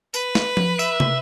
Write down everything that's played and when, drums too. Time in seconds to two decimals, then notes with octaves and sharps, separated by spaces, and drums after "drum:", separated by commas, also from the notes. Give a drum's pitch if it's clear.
0.14 B4, drum: tambourine
0.35 drum: snare
0.57 drum: tom F3
0.79 E5, drum: tambourine
1.00 drum: tom